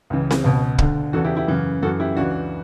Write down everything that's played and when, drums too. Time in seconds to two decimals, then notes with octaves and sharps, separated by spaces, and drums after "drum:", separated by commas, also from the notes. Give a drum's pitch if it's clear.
0.10 C#2 C#3 E3
0.31 drum: snare C4
0.44 C#2 B2
0.78 D2 D3, drum: kick
1.13 E2 C#3 E3 F#4 A4
1.25 E4 G4
1.36 E4 G4
1.48 F#2 C#3 E3
1.82 F#2 E3 F#4 A4
2.00 E4 G4
2.16 C#2 C#3 E3 D4 F#4